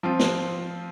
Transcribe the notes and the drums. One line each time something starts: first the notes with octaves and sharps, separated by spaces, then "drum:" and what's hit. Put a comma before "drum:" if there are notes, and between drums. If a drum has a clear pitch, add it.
F3 C4 F4
drum: snare